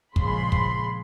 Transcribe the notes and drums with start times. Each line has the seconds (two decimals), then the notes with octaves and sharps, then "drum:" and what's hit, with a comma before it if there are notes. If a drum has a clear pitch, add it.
0.16 A#1 C#3 F3 G#3 B5 C6, drum: kick
0.52 drum: kick